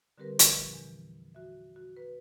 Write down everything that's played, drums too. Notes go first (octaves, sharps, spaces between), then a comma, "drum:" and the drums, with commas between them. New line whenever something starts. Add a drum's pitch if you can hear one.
D3 G3 C4 G4 A#4 B4
A#2 F3, drum: hi-hat
E2 E3
F#4 E5
F#4
B4